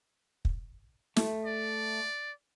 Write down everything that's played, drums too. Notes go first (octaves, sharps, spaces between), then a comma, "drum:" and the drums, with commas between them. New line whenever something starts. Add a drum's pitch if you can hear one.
drum: kick
A3, drum: snare
D5